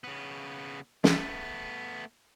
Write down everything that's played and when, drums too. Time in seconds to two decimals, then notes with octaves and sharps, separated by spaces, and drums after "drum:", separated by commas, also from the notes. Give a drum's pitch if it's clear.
0.04 C#3 B3
1.04 A3 B3, drum: snare